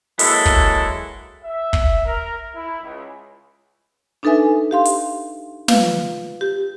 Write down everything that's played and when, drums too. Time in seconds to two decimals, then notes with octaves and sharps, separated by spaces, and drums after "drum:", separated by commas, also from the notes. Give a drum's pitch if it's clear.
0.19 E3 F#3 G#3 A#3 E4 A4, drum: open hi-hat
0.45 drum: kick
1.43 E5
1.73 drum: kick
2.05 A#4
2.54 E4
2.82 C#2
4.23 D4 D#4 A4 B4 E5 G#5
4.71 G4 F5 C6
4.85 drum: hi-hat
5.68 F4 B4 F5, drum: snare
6.41 G4